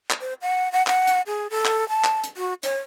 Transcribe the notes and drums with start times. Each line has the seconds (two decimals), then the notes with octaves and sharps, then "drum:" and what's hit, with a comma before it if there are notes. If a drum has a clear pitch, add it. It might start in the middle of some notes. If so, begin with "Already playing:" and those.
0.11 drum: clap
0.21 C5
0.42 F#5
0.72 F#5
0.87 F#5, drum: clap
1.07 drum: hi-hat
1.27 G#4
1.50 A4
1.65 drum: clap
1.89 A5
2.04 drum: clap
2.24 drum: hi-hat
2.37 F#4
2.63 C#5, drum: hi-hat